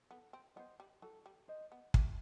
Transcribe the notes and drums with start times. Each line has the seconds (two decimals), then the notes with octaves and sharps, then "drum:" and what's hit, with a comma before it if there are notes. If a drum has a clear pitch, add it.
0.11 B3 A4
0.33 C4
0.56 B3 C5 D#5
0.80 G3
1.02 F#3 A4
1.26 G3
1.48 C5 D#5
1.72 B3
1.94 A3 G4, drum: kick